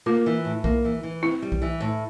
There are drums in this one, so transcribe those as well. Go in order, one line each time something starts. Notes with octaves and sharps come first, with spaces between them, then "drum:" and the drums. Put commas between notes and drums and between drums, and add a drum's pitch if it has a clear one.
A#3 F4
E3
A2
A#3, drum: kick B1
E3
E3
C4 E4
G3
drum: kick B1
E3
A2